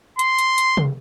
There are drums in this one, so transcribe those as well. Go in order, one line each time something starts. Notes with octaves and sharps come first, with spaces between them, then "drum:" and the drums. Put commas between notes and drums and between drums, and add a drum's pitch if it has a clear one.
C6, drum: hi-hat
drum: hi-hat
drum: hi-hat
drum: tom C3